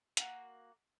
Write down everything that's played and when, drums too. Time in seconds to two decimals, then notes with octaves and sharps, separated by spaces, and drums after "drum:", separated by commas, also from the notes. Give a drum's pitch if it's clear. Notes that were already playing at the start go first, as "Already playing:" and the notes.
0.17 A#3 F4 F#4, drum: hi-hat